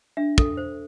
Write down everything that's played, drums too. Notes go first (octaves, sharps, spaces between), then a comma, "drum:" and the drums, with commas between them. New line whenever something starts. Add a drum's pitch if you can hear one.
D4 E5
A4, drum: kick
C5